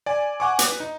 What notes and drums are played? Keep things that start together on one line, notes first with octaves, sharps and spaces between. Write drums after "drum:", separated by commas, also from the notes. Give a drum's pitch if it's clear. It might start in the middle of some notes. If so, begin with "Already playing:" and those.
D5 G#5
F#5 G#5 C#6 D6
B4, drum: hi-hat
D#4